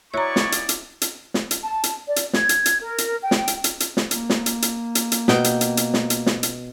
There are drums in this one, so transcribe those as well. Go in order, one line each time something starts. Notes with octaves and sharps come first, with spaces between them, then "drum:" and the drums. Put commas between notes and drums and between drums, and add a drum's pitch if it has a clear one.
B3 E4 F#4 C#5 D5 G#5 A#5 C#6
drum: snare
drum: hi-hat
drum: hi-hat
drum: hi-hat
drum: snare
drum: hi-hat
A5
drum: hi-hat
D5
drum: hi-hat
G#6, drum: snare
drum: hi-hat
drum: hi-hat
A#4
drum: hi-hat
G5
drum: snare
drum: hi-hat
drum: hi-hat
drum: hi-hat
drum: snare
A#3, drum: hi-hat
drum: snare
drum: hi-hat
drum: hi-hat
drum: hi-hat
drum: hi-hat
B2 G5, drum: snare
drum: hi-hat
drum: hi-hat
drum: hi-hat
drum: snare
drum: hi-hat
drum: snare
drum: hi-hat